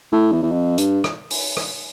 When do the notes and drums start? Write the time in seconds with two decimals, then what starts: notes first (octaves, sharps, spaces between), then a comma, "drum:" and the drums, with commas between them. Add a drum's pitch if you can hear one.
0.12 A2
0.32 E2
0.43 E2
0.52 F2
0.78 G2, drum: hi-hat
1.04 drum: rim click
1.30 drum: open hi-hat
1.57 drum: rim click